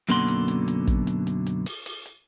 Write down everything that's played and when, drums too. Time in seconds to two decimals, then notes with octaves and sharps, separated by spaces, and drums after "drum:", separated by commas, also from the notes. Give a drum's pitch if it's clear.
0.09 F#2 B2 D3 A#3 F#5 C6, drum: hi-hat
0.28 drum: hi-hat
0.48 drum: hi-hat
0.68 drum: hi-hat
0.87 drum: kick, hi-hat
1.07 drum: hi-hat
1.27 drum: hi-hat
1.46 drum: hi-hat
1.66 drum: open hi-hat
1.86 drum: open hi-hat
2.06 drum: hi-hat